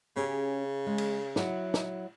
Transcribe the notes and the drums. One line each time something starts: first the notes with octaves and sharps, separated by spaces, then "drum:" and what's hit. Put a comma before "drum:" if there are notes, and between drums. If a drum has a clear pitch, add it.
C#3 C#4 G4 G#4
G#3
drum: cymbal
F#3 E4 F#4, drum: snare
drum: snare